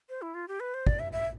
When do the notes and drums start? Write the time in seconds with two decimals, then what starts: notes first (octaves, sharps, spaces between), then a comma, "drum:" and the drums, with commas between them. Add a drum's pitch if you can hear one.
0.09 C5
0.22 E4
0.34 F4
0.48 G4
0.60 B4
0.74 C5
0.87 D5, drum: kick
0.99 E5
1.12 E5